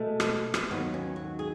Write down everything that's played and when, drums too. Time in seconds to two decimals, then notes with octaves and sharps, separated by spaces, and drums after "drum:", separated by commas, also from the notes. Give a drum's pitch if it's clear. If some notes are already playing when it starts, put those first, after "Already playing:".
Already playing: B2 G#3 A3
0.20 drum: rim click
0.54 drum: rim click
0.70 D#2 D#3 F#3 B3
0.94 C#4
1.16 F#4
1.39 G#4